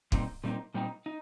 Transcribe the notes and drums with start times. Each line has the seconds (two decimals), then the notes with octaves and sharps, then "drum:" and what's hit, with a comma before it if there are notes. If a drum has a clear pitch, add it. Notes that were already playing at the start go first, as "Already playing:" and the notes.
0.12 A#2 G3 C4 D#4, drum: kick
0.44 A#2 G3 C4 D#4
0.74 A#2 G3 C4 D#4
1.06 D#4